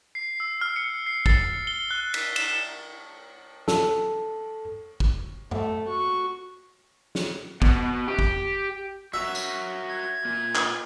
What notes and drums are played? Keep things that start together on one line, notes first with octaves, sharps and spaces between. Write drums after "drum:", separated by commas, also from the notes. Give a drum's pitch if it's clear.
C7
E6
F6
C#7
C7
A6, drum: kick G#1
C#7
G7
F#6
B6, drum: cymbal
E7, drum: cymbal
A4, drum: snare
drum: kick G#1
A3, drum: tom F#2
F#4 C#6
drum: snare
B2, drum: kick G#1
G4
drum: kick G#1
F#4 A#4 C#5 E5
drum: tambourine
G#6
A#2 A#3
drum: clap